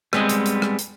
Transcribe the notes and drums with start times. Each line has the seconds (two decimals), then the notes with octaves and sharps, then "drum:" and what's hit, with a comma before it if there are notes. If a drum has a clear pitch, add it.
0.13 G3 G#3 B3 C4 D#5, drum: rim click
0.29 drum: hi-hat
0.46 drum: hi-hat
0.62 drum: rim click
0.79 drum: hi-hat